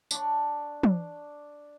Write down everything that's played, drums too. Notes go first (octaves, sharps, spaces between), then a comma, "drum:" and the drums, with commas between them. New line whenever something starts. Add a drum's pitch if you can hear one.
D4 D5 C#6, drum: tambourine
drum: tom